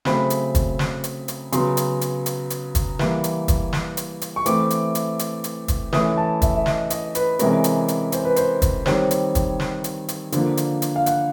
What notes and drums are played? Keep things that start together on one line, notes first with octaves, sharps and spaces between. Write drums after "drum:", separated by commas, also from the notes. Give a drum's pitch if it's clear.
C#3 F#3 A3 C4 B5, drum: snare
drum: hi-hat
drum: kick, hi-hat
drum: snare
drum: hi-hat
drum: hi-hat
C#3 F#3 B3 C6, drum: hi-hat
drum: hi-hat
drum: hi-hat
drum: hi-hat
drum: hi-hat
drum: kick, hi-hat
E3 G3 A#3, drum: snare
drum: hi-hat
drum: kick, hi-hat
drum: snare
drum: hi-hat
drum: hi-hat
C#6
E3 A3 C4 D6, drum: hi-hat
drum: hi-hat
drum: hi-hat
drum: hi-hat
drum: hi-hat
drum: kick, hi-hat
E3 A3 C#4 D#6, drum: snare
A5
E5, drum: kick, hi-hat
E5
D#5, drum: snare
D#5, drum: hi-hat
B4, drum: hi-hat
C3 E3 G#3 C#4 A#4, drum: hi-hat
drum: hi-hat
drum: hi-hat
C5, drum: hi-hat
B4
C5, drum: hi-hat
drum: kick, hi-hat
D#3 G3 C4 C#5, drum: snare
drum: hi-hat
drum: kick, hi-hat
drum: snare
drum: hi-hat
drum: hi-hat
D3 F3 A#3, drum: hi-hat
drum: hi-hat
drum: hi-hat
F5
F#5, drum: hi-hat